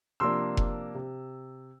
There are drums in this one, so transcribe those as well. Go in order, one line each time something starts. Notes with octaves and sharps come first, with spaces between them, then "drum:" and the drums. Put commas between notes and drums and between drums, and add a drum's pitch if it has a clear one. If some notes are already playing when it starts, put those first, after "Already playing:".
C3 F3 A#3 D4 C6 E6
drum: kick F1
C3